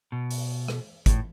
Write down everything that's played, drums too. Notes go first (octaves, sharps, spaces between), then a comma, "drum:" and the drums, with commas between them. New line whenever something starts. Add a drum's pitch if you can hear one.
B2
drum: open hi-hat
drum: rim click
A2, drum: kick, hi-hat